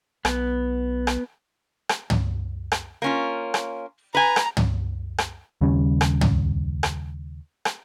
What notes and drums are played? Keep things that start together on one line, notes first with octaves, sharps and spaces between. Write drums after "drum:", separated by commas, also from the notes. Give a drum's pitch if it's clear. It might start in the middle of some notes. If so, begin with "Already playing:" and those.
B1 B3, drum: rim click
drum: rim click
drum: rim click
drum: tom
drum: rim click
A#3 C#4 F4
drum: rim click
B4 G#5 A#5
drum: rim click
drum: tom
drum: rim click
D#2 C#3 G3 C#4
drum: rim click
drum: tom
drum: rim click
drum: rim click